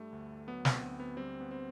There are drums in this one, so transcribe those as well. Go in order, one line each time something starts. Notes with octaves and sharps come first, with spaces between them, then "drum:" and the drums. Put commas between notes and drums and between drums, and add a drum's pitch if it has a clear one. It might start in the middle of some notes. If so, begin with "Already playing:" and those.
Already playing: G2 G3 A3
D2
F#3 B3
C4, drum: snare
D2 B3
B3
G3 C4
B3
C4